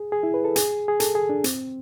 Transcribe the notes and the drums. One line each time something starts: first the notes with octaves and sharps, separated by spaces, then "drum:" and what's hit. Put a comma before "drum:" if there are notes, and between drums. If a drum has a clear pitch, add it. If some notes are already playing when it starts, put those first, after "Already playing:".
Already playing: G#4
G#4
E4
B4
A4
G#4, drum: hi-hat
G#4
A4, drum: hi-hat
G#4
D4
C4, drum: hi-hat